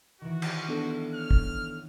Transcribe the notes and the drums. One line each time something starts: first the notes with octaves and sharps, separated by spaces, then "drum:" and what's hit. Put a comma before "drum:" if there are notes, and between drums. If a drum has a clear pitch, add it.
D#3 E3 F#4
drum: cymbal
B3 D4 A4
C#5 F6
drum: kick